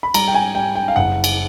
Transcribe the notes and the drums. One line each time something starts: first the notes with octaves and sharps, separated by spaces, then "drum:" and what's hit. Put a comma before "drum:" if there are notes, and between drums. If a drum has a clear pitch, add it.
B5
G3 A#5, drum: cymbal
G5
G#5
G3 G5
G5
F5
F#1 F#5
drum: cymbal